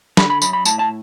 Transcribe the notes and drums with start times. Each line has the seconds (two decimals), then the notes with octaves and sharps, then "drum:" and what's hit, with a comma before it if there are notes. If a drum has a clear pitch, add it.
0.17 D3 B5, drum: snare
0.30 B5
0.42 F#2 B5, drum: tambourine
0.53 B5
0.65 A2 A5, drum: tambourine
0.79 A5